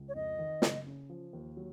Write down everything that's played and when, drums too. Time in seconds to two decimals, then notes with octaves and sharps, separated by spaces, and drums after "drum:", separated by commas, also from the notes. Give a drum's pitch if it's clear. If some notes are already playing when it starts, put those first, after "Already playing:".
Already playing: C#2
0.09 C#5
0.15 F2 D#5
0.39 D#3
0.62 F#1, drum: snare
0.86 C#3
1.09 F3
1.33 D#2
1.57 F#3